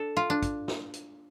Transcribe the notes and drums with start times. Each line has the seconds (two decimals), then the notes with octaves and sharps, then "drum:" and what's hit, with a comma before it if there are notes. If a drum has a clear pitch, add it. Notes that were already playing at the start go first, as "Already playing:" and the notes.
Already playing: D4 A4
0.17 F4
0.30 D4
0.42 drum: kick, hi-hat
0.68 drum: snare
0.94 drum: hi-hat